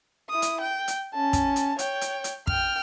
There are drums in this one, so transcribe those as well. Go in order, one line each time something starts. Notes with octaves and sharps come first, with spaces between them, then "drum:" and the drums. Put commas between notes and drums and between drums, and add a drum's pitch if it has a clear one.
E4 D#6
drum: hi-hat
G5
drum: hi-hat
C#4 A5
drum: kick, hi-hat
drum: hi-hat
C#5 G5, drum: hi-hat
drum: hi-hat
drum: hi-hat
G5 F6, drum: kick